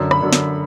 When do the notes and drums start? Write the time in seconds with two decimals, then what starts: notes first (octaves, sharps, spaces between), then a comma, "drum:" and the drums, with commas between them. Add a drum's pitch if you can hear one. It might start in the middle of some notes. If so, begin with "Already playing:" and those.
Already playing: F#2 D3
0.11 B5, drum: rim click
0.22 F#2 D3
0.33 drum: snare